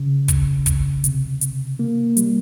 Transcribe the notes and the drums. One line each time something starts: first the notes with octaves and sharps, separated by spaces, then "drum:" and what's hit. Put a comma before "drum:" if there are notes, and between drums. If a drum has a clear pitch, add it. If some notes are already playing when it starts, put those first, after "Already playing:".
Already playing: C#3
drum: kick, hi-hat
drum: kick, hi-hat
C3, drum: hi-hat
drum: hi-hat
A#3
G3, drum: hi-hat